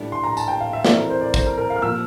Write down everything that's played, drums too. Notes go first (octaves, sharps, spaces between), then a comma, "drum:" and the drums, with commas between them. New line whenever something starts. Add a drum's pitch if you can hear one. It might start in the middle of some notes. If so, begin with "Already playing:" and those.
Already playing: A2 G3 D4
C6
A#5
A5, drum: tambourine
G5
F5
E5
E3 A3 C4 D5, drum: snare
A#4
C5
D5
C5, drum: kick, tambourine
A#4
A#4
F5
F6
A#2 F3 A#3 E6